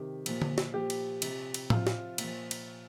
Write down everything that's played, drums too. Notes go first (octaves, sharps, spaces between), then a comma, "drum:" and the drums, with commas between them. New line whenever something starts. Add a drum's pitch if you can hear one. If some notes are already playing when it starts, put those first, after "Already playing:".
Already playing: C3 D#3 G4
A#2 F3, drum: cymbal
drum: tom D3
drum: snare
A#2 F3 G4
drum: cymbal
C3 F3, drum: cymbal
drum: cymbal
C3 F3 F4, drum: tom A2
drum: snare
A#2, drum: cymbal
F3
drum: cymbal